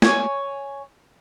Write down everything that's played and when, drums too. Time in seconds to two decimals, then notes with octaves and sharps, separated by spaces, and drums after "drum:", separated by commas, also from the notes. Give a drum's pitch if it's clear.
0.02 C#5 G#5, drum: snare